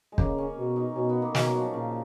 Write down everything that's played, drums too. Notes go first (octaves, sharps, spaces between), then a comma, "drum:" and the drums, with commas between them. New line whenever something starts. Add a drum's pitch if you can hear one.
G#3
C#3 A#3, drum: kick
C#4
B2
D#4
B2 C#4
B3
A#3
B2 G#3, drum: snare
F#3
F3
A#2 C#3